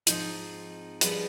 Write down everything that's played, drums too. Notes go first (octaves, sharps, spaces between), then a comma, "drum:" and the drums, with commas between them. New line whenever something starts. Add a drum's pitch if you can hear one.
G#2 F3 C4 D#4 C5, drum: hi-hat
G2 F3 G#3 B3 B4, drum: hi-hat